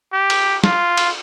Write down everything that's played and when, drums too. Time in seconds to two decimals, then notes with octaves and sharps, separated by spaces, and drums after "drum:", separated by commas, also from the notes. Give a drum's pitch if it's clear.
0.13 G4
0.30 drum: cymbal
0.64 F4, drum: snare
0.97 drum: cymbal